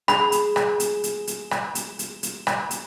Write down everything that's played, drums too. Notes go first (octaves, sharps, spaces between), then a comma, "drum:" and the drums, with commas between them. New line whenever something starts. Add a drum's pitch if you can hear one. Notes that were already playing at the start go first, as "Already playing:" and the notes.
G#4 B5, drum: rim click
drum: hi-hat
drum: rim click
drum: hi-hat
drum: hi-hat
drum: hi-hat
drum: rim click
drum: hi-hat
drum: hi-hat
drum: hi-hat
drum: rim click
drum: hi-hat